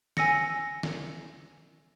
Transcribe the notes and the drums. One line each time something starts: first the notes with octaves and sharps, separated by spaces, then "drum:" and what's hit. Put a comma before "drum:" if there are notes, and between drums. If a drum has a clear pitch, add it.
G#5 E6 A#6 C#7, drum: snare
drum: snare